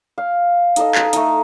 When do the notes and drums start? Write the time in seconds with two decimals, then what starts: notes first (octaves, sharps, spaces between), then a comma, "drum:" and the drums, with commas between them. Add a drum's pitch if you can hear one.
0.18 F5
0.76 D#4 A4 D#5, drum: hi-hat
0.95 drum: clap
1.13 A3 D#4, drum: hi-hat